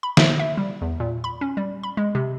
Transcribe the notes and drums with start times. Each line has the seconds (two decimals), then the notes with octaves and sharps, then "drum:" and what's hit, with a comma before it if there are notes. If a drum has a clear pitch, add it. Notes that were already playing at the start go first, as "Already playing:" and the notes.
0.03 B5
0.17 E5, drum: snare
0.39 E5
0.57 G3
0.82 E2
1.00 A#2
1.24 B5
1.41 C#4
1.57 G3
1.83 B5
1.97 G#3
2.15 C3